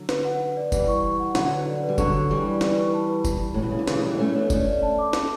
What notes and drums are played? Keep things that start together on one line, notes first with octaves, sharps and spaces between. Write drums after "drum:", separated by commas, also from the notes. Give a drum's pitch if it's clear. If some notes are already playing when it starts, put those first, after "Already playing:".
Already playing: D3 F#3
B4, drum: snare
F#5
B4
D5
E3 G3 B4, drum: kick F1, tambourine
C#6
C#6
F#5
D3 F#3 F#5, drum: snare
B4
D5
B4
G3
D3 F#3 C#6, drum: kick F1, tambourine
C#6
E3 G3 C#6
D5
B4, drum: snare
C#6
A5
B4
E4, drum: kick F1, tambourine
E4
A2 C#5
B2
C#3 E4
D3
C#3 E3 G4, drum: snare
A3
E3 G3 E4
B3
A3 C#4 C#5
B3 D4 C#5
A3 C#4 D5, drum: kick F1, tambourine
D5
A5
D6
D6, drum: snare